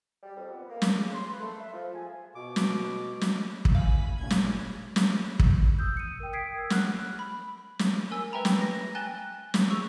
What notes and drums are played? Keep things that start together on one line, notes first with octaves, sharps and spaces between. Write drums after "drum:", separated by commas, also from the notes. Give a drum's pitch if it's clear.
G3
F2
B3
A#3
drum: snare
C#3
C6
B4
A3
E5
F3
G#5
B2 D6
drum: snare
drum: snare
drum: kick
F#1 E5 F5 G#5 B5
B1 G2 A#2 G#6
drum: snare
drum: snare
drum: kick
D#6 E6 G6
C#7 D#7
A#4 G5
D#6 G#6 B6 C7 D7
A#4 E6
F#5 F6 F#6, drum: snare
B5
drum: snare
A#4 G#5 E6 B6
B4 E5 G5 A#5 B5
drum: snare
A#6
G5 G#5 F#6 A6 E7 G7
drum: snare
G#4 C#6 E6